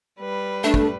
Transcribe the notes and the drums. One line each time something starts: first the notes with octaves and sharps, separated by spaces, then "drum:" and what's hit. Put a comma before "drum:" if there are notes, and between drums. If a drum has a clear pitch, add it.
G3 B4
A3 D4
drum: kick